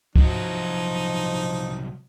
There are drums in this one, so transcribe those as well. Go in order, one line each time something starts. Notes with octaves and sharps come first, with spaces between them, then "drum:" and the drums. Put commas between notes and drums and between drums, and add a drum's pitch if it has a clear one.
C2 F3 F#3 D#4, drum: kick